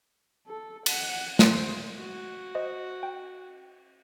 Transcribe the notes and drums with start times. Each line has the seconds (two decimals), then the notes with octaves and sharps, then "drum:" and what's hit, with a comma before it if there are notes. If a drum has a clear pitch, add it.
0.47 A4
0.86 F#5, drum: cymbal
1.39 C5, drum: snare
1.98 F#4
2.55 C5 D#5
3.03 G5